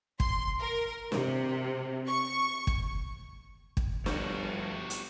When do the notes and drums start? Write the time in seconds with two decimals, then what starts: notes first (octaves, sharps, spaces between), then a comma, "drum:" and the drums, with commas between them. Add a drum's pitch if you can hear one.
0.20 C6, drum: kick
0.60 A#4
1.12 C3, drum: snare
2.07 C#6
2.67 drum: kick
3.77 drum: kick
4.06 G1 F3 G3 A3 F#4 C#5, drum: snare
4.90 drum: hi-hat